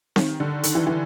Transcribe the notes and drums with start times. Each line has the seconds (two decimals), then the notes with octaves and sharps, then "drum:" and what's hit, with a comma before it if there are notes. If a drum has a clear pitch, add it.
0.16 D#3, drum: snare C4
0.40 D3
0.63 D#3, drum: hi-hat
0.75 E3
0.87 E3